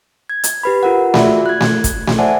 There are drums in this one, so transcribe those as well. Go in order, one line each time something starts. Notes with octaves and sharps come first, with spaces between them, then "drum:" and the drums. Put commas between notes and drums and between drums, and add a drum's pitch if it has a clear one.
G#6
drum: hi-hat
G4 B4 B5
F4 A#4 F#5
F4 F#4 G#4 D5 E5 B5, drum: snare A3
F#6 G#6
drum: snare A3
drum: kick, hi-hat
drum: snare A3
C5 D5 E5 F#5 G#5 A5